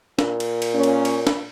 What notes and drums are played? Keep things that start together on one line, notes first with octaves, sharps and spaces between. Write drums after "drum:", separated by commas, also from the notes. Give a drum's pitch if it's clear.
A#2, drum: snare
drum: cymbal
drum: cymbal
A#3 C#4
drum: cymbal
drum: cymbal
drum: snare